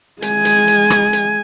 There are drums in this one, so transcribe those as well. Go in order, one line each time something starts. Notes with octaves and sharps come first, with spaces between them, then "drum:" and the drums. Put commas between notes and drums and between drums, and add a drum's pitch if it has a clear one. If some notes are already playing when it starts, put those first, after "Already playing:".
G#3 G#5, drum: hi-hat
drum: hi-hat
drum: hi-hat
drum: rim click
drum: hi-hat